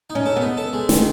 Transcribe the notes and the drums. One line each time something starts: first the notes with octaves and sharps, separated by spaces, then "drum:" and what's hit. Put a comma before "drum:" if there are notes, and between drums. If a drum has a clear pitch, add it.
D#4
C#4
A4
B3
D#4
A4
G#3
D#3, drum: snare